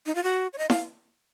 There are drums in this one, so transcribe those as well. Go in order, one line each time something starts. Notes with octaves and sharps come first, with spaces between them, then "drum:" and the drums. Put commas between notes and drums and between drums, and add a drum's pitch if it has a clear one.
D#4
F4
F#4
C#5
D#5
F5, drum: snare E4